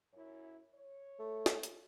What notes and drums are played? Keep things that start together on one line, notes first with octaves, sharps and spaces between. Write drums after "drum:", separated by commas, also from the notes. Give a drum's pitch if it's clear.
F#2 E4 C#5
C#5
A3
drum: snare
drum: hi-hat